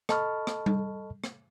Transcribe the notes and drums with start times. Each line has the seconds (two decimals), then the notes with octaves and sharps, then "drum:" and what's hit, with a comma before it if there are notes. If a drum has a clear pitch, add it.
0.09 A4 D#5 A5 B5 C#6 F6, drum: rim click
0.47 drum: rim click
0.66 drum: tom G3
1.24 drum: rim click